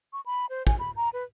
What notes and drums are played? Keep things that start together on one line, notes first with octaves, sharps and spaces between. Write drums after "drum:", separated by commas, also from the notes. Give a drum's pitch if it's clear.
C#6
B5
C5
G#5, drum: kick
B5
A#5
B4